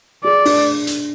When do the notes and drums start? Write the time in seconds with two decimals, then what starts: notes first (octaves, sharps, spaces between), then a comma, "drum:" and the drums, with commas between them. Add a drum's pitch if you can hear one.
0.24 G#4 D5
0.45 D4, drum: open hi-hat
0.87 drum: hi-hat